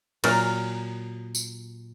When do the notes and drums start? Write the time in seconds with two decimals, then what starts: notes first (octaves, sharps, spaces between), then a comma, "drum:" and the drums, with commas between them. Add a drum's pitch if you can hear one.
0.24 A#2 F#3 A#4, drum: cymbal
1.35 drum: tambourine